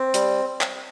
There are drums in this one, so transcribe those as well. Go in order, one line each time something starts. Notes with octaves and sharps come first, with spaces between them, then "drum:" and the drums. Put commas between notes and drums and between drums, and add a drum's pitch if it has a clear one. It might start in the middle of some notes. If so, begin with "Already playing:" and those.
Already playing: C4
G3, drum: hi-hat
drum: clap